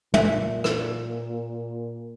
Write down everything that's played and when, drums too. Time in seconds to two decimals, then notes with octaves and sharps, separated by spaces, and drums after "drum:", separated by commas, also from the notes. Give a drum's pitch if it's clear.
0.14 A#2 E5, drum: tom
0.64 drum: rim click